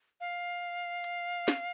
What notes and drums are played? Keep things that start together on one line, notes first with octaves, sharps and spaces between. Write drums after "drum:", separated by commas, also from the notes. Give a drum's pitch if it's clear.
F5
drum: hi-hat
drum: snare